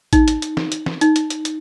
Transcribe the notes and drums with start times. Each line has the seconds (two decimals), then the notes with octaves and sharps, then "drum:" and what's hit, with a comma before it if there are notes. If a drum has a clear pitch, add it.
0.13 D#4, drum: kick, hi-hat
0.28 drum: hi-hat
0.42 drum: hi-hat
0.57 drum: snare
0.72 drum: hi-hat
0.86 drum: snare
1.01 D#4, drum: hi-hat
1.16 drum: hi-hat
1.30 drum: hi-hat
1.45 drum: hi-hat